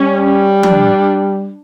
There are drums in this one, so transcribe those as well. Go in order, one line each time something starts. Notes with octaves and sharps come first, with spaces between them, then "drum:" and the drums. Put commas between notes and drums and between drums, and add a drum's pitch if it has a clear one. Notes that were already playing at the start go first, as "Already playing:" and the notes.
Already playing: G3 C#4
D4, drum: tom F3